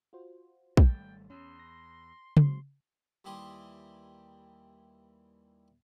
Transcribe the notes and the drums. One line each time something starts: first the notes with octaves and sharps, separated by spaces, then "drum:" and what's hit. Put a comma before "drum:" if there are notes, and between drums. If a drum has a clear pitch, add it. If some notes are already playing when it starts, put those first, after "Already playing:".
F4 F#4 C5
G#1 G3 A3 G5 A6, drum: kick
E2 C#4 C6
A#6
F#3 G#3 C4 C6, drum: tom C#3
D#2 E3 G3 G4 C6 D#6